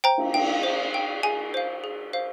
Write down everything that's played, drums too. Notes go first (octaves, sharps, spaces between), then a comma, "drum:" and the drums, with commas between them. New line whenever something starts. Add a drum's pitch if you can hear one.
C5 G5 A#5
drum: cymbal
G5, drum: cymbal
C5
G5
G#4 G#5
C5 F5
G#4
C5 F5